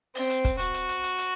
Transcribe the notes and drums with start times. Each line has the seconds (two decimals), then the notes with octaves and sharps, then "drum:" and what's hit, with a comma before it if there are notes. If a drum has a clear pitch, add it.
0.15 C4, drum: open hi-hat
0.30 drum: hi-hat
0.45 drum: kick, hi-hat
0.59 F#4, drum: hi-hat
0.74 drum: hi-hat
0.89 drum: hi-hat
1.04 drum: hi-hat
1.18 drum: hi-hat